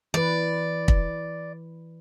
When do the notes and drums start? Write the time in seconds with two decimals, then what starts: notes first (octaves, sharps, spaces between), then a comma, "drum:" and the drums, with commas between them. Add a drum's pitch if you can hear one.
0.14 E3 B4 D5
0.88 drum: kick